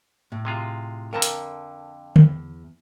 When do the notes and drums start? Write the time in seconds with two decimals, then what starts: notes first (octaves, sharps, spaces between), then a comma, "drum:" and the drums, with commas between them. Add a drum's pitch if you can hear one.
0.32 A2
0.45 C3 G#3 F4
1.13 F2 D3 A#4 A5 A#5
1.22 drum: hi-hat
2.16 E2, drum: tom D3